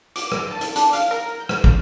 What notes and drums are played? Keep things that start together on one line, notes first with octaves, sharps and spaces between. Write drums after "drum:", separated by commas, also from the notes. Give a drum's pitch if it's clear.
D6, drum: hi-hat
drum: rim click
A5
drum: hi-hat
D4, drum: hi-hat
F5, drum: hi-hat
A#4
G6
drum: rim click
drum: kick